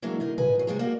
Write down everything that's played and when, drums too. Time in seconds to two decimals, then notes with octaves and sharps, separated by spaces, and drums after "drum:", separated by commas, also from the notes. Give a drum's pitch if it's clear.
0.02 E3 F#3 G#3 A#3 D4
0.20 D3 D#4 A#4
0.38 B4 D#5 G#5, drum: tom
0.55 G2 F#3
0.67 C3 G3 G#3 C4 D4 G#4
0.79 A#3 D#4 F#4 D5